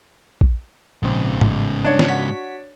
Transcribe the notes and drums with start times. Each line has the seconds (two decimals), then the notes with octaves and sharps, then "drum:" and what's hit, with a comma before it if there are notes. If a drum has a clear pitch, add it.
0.41 drum: kick A#1
1.03 A#1 G#2 C#3 C4
1.41 A1, drum: tom G#2
1.84 D4 C#5
1.99 drum: snare
2.08 F#4 B6